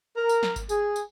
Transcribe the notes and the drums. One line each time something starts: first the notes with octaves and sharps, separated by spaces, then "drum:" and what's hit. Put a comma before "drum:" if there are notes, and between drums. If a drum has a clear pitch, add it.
A#4
drum: tambourine
drum: snare
drum: kick G1, tambourine
G#4, drum: tambourine
drum: tambourine